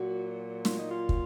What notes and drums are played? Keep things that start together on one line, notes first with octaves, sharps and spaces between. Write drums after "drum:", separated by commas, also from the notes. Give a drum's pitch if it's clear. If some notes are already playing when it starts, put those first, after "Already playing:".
Already playing: A#2 F#3 F#4
F4, drum: snare
D#4
F4
drum: kick